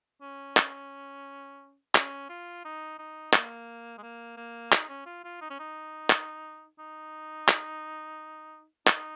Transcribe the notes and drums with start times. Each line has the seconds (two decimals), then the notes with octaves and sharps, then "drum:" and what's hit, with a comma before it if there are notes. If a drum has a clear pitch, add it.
0.22 C#4
0.57 drum: clap
1.95 C#4, drum: clap
2.29 F4
2.65 D#4
2.99 D#4
3.33 A#3, drum: clap
3.98 G#3
4.03 A#3
4.37 A#3
4.72 D#4, drum: clap
4.89 C#4
5.06 F4
5.24 F4
5.41 D#4
5.50 C#4
5.59 D#4
6.10 drum: clap
6.79 D#4
7.48 drum: clap
8.87 D#4, drum: clap